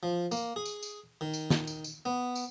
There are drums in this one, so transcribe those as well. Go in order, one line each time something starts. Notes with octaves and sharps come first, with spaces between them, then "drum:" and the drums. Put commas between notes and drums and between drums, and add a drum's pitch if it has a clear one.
F3
A#3, drum: tambourine
G#4
drum: tambourine
drum: tambourine
D#3
drum: tambourine
drum: snare
drum: tambourine
drum: tambourine
B3
drum: tambourine